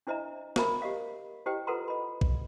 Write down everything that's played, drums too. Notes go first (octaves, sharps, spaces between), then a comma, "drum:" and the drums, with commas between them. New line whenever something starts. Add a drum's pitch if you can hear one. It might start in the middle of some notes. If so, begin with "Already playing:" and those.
D4 E4 C5 D#5 E5 A#5
A#4 C5 E5 A#5 B5, drum: snare
G4 D#5 F5
E4 G4 C5 D#5 G5
F4 A4 B4 F#5 A#5 C6
D#5 B5
drum: kick B1